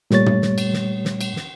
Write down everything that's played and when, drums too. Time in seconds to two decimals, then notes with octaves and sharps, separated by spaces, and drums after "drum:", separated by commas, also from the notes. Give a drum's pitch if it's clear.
0.11 A#2 G3 A3 C#5 A6, drum: snare
0.26 drum: tom
0.42 drum: snare
0.58 drum: cymbal
0.73 drum: snare
1.05 drum: snare
1.21 drum: cymbal
1.36 drum: snare